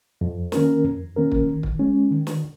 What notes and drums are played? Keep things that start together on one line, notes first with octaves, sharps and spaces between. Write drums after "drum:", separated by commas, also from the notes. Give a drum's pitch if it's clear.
F2
D#3 A#3 C#4 A#4, drum: snare
F2
D#3 A#3 C#4 A#4
drum: kick
D#3
drum: kick
G#3 C#4
D#3
drum: snare